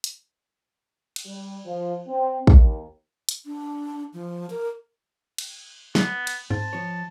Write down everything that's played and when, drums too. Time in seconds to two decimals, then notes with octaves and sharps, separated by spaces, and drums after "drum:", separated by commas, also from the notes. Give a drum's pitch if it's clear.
0.04 drum: hi-hat
1.16 drum: cymbal
1.26 G3
1.66 F3
2.07 C4
2.47 D#2, drum: kick
3.29 drum: hi-hat
3.46 D4
4.14 F3
4.50 A#4
5.38 drum: cymbal
5.95 B3, drum: snare
6.27 drum: cymbal
6.50 G#2 C4 A5
6.73 F3 C#5